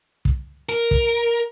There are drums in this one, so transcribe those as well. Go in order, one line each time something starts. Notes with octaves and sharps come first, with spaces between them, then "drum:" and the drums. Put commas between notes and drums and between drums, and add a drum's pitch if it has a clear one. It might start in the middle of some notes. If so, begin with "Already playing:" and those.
drum: kick
A#4
drum: kick